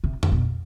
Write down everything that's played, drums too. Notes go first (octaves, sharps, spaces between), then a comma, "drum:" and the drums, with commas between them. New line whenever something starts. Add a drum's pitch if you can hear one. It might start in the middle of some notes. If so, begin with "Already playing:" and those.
C3
drum: tom F2
B2